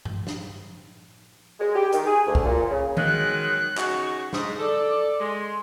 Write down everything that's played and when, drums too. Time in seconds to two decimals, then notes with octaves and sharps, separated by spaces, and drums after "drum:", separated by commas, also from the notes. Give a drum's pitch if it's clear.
0.05 drum: tom G2
0.27 drum: snare
1.59 G#3
1.74 G4
1.93 D#3, drum: hi-hat
2.06 G#4
2.25 D2
2.35 drum: kick
2.45 A#2
2.69 C#3
2.97 D#3 F#3 G#3 F#6, drum: tom D#3
3.77 C#3 D#4 F#4 C#6, drum: clap
4.33 G#2 D#6, drum: snare
4.59 A4 D5
5.20 G#3 C6